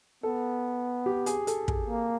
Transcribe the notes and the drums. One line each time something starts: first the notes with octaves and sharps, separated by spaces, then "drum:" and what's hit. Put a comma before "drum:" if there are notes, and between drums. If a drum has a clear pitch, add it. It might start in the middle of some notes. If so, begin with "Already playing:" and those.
B3 A4
G4
G#4, drum: hi-hat
A4, drum: hi-hat
G#4, drum: kick
A#3